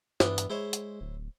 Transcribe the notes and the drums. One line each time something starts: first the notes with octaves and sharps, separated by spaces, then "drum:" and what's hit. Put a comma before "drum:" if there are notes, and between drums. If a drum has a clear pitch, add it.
G2 E3 B3 D4, drum: snare
drum: hi-hat
G#3 E4 C5 C#5
drum: hi-hat
D1